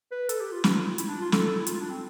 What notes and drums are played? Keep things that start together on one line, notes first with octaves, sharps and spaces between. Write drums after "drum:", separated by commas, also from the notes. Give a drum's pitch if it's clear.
B4
A4, drum: hi-hat
G4
F4
F4, drum: snare
E4, drum: hi-hat
D4
F4
A4, drum: snare
E4
F4, drum: hi-hat
D4
C4